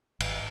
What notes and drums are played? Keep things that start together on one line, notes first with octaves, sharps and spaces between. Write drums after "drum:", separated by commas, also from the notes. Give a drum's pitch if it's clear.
G#1, drum: cymbal